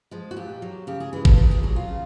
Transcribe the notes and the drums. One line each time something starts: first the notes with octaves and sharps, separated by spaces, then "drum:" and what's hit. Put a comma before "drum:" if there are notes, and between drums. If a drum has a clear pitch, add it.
F3 G#3
F#4
A#2 G4
F#3
C#3 G4
G#4
E3 G#3 G#4
A4, drum: kick G1
A#2 G#4
G#4
F#3 G#4
F4
C#3